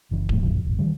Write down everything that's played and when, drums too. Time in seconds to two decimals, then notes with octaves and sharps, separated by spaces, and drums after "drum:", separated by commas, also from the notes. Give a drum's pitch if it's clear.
0.11 F#1 E3
0.29 F2 A2, drum: kick D1
0.43 D1 A#1 F#2 F3
0.64 D#1 G#1
0.79 D#3 E3 G3